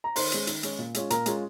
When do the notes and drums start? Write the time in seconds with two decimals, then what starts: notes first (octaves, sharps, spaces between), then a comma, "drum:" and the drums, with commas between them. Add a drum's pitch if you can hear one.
0.04 A#5
0.16 D#3 C5 C6, drum: open hi-hat
0.32 G#3 C#4, drum: hi-hat
0.47 D#3, drum: hi-hat
0.63 G#3 C#4, drum: hi-hat
0.79 A#2
0.94 G#3 C#4 F4, drum: hi-hat
1.10 A#2 A#4 A#5, drum: hi-hat
1.26 G#3 C#4 F4, drum: hi-hat